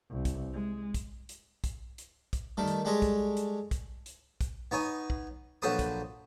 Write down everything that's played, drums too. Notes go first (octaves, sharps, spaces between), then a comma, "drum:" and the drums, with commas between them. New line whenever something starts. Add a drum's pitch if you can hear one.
C2
drum: kick, hi-hat
G#3
drum: kick, hi-hat
drum: hi-hat
drum: kick, hi-hat
drum: hi-hat
drum: kick, hi-hat
D#3 G3 A3 A4
drum: hi-hat
G3 G#3 G4 A4 C#5 D#5
drum: kick, hi-hat
drum: hi-hat
drum: kick, hi-hat
drum: hi-hat
drum: kick, hi-hat
B3 D#4 C#5 G#5
drum: kick
A#1 F#3 A4 B4 C5 D#6
drum: kick, hi-hat